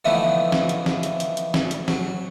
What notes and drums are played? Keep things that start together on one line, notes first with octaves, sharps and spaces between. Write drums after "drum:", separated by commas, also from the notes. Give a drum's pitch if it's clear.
D3 E3 F3 A3 B3 D#4
drum: snare
drum: hi-hat
drum: snare
drum: hi-hat
drum: hi-hat
drum: hi-hat
drum: snare
drum: hi-hat
F#3, drum: snare